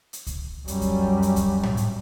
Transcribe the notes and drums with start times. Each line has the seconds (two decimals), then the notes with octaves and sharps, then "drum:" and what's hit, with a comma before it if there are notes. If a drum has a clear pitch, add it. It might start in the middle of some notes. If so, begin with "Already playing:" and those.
0.13 drum: hi-hat
0.27 drum: kick C#2, hi-hat
0.68 F#2 G3, drum: hi-hat
0.81 drum: kick C#2, hi-hat
1.22 drum: hi-hat
1.36 drum: kick C#2, hi-hat
1.63 drum: tom A2
1.77 drum: hi-hat